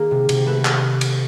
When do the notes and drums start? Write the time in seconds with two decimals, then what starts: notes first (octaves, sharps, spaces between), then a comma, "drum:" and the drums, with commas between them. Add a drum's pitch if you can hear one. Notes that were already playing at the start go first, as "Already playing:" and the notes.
Already playing: D#3 A#3 G#4 A#4
0.11 C3
0.29 C3, drum: cymbal
0.46 A3 A4 B4
0.65 drum: clap
1.01 drum: cymbal